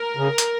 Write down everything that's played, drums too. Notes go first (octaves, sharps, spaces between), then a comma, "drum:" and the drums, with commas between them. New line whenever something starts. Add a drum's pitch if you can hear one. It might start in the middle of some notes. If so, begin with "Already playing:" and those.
Already playing: A#4
C#3
drum: hi-hat